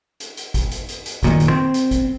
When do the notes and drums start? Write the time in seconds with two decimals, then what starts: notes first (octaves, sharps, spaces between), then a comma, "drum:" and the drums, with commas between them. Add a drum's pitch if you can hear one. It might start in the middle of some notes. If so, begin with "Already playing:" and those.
0.20 drum: hi-hat
0.37 drum: hi-hat
0.54 drum: kick, hi-hat
0.71 drum: hi-hat
0.89 drum: hi-hat
1.06 drum: hi-hat
1.23 F#1 A#2 D#3, drum: kick, hi-hat
1.40 drum: hi-hat
1.50 C4
1.74 drum: hi-hat
1.91 drum: kick, hi-hat